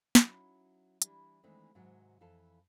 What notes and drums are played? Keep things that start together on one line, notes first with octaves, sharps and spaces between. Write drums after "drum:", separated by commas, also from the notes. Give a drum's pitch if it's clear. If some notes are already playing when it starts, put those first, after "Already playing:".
F#3 C#4 D#4 E4, drum: snare
E3 G3 D4 E4, drum: hi-hat
D#3 E3 G#3 A3 C4 D4
G#2 C3 D#3 F#3
F2 E3 A4 F5 A5